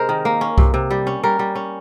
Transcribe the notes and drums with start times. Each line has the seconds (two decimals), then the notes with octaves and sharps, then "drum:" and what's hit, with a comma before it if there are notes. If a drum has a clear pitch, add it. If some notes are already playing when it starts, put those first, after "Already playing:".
Already playing: C3 G#3 A#4 C5
0.09 D#3
0.25 A#3
0.41 C#4
0.58 C3, drum: kick C2
0.74 C3
0.91 G3
1.07 C#4
1.23 G3 A#4
1.39 G3
1.55 C#4